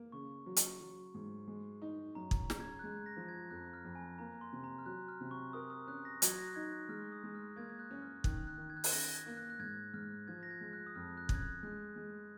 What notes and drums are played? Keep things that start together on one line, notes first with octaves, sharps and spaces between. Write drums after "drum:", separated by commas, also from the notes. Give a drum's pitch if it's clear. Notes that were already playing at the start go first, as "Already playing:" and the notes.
Already playing: A#3
C#3 C#6
F#3
drum: hi-hat
F#3
G#2
G#3
D#4
F#2 A#5
drum: kick
C#3, drum: snare
G#6
F#6
G#3 G#6
A#6
F3
G#6
F2 F#6
F6
F2
G#5
A#3 A#5
C6
C3
A#5
F6
F#3 F#6
F6
C3
C#6
A#4 D#6
D#6
C#4 F#6
A#6
F#3 G#6, drum: hi-hat
A#6
F#6
D#4 G#6
F#6
G#3 F6
D#6
G#3
F6
A#3 G#6
G#6
F#6
C#4
F6
D#3 F#6, drum: kick
F#6
D#3
G#6
F#6
G#6, drum: open hi-hat
C#4 A#6
G#6
A#3
F#6
F#6
G#2 G#6
G#2 F6
F3 G#6
A#6
G#6
G#3
F#6
D#6
F2 F6
F#6
C#4, drum: kick
G#6
F#6
G#3 F#6
G#3